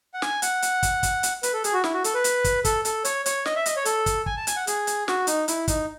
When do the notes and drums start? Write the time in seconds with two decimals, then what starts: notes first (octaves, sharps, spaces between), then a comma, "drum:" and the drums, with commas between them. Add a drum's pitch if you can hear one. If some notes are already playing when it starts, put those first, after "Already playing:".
0.14 F#5
0.22 G#5, drum: snare
0.42 F#5, drum: hi-hat
0.62 drum: hi-hat
0.83 drum: kick, hi-hat
1.03 drum: kick, hi-hat
1.23 drum: hi-hat
1.43 B4, drum: hi-hat
1.53 A4
1.64 G#4, drum: hi-hat
1.73 F#4
1.84 E4, drum: snare
1.94 F#4
2.04 A4, drum: hi-hat
2.14 B4
2.24 drum: hi-hat
2.44 drum: kick, hi-hat
2.65 A4, drum: kick, hi-hat
2.85 A4, drum: hi-hat
3.05 C#5, drum: hi-hat
3.26 C#5, drum: hi-hat
3.46 D#5, drum: snare
3.56 E5
3.66 D#5, drum: hi-hat
3.76 C#5
3.85 A4, drum: hi-hat
4.06 drum: kick, hi-hat
4.26 G#5, drum: kick
4.37 A5
4.47 G#5, drum: hi-hat
4.56 F#5
4.67 G#4, drum: hi-hat
4.87 drum: hi-hat
5.08 F#4, drum: snare
5.27 D#4, drum: hi-hat
5.48 E4, drum: hi-hat
5.68 D#4, drum: kick, hi-hat